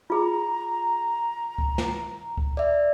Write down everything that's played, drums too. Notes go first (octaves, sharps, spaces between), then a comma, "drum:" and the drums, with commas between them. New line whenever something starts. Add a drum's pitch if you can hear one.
F4 G#4 A#5
drum: kick C#2
drum: snare
drum: kick C#2
D5 E5